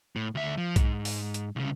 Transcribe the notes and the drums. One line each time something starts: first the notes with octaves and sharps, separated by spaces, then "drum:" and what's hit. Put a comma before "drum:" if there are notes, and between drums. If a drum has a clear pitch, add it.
A2
D2 E5
F3
G#2, drum: kick B1, hi-hat
drum: open hi-hat
drum: hi-hat
C2 C#3